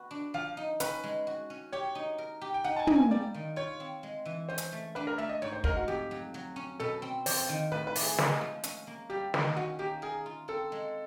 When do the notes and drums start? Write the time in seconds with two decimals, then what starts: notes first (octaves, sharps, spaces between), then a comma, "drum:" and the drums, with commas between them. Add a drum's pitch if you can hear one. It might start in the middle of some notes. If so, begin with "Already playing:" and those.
Already playing: B3 F#4
0.11 D4
0.34 F3 F5
0.57 D#4
0.80 C#4 B4, drum: hi-hat
1.04 G#3
1.27 F#4
1.50 C#4
1.72 G4 C#5
1.95 D#4
2.18 A#4
2.41 G4
2.54 G5
2.64 D#4 F#5
2.76 A5
2.80 G#5
2.87 A#3, drum: tom
2.96 G#5
3.11 G3 D5
3.34 D#3
3.56 F4 C#5
3.80 C4
4.03 G#3
4.25 E3
4.49 C#4 C5
4.58 drum: hi-hat
4.72 A3
4.95 D4 B4
5.07 A#4
5.18 A3 E5
5.29 D#5
5.42 G#2 C#5
5.52 C5
5.64 G#3 A#4, drum: kick
5.76 F#4
5.88 F2 G4
6.11 F#3
6.34 F#3
6.56 C#4
6.80 B2 A4
7.02 C4
7.26 F2 C5, drum: open hi-hat
7.49 D#3
7.72 A2 B4
7.87 B4
7.96 A3, drum: open hi-hat
8.03 G#4
8.18 G#3, drum: snare
8.41 F3
8.63 C#4, drum: hi-hat
8.87 A#3
9.10 G3 G4
9.34 D#3, drum: snare
9.56 C#4 F#4
9.79 A#3 G4
10.02 G#4 A#4
10.26 F4
10.48 C4 A4
10.72 G#3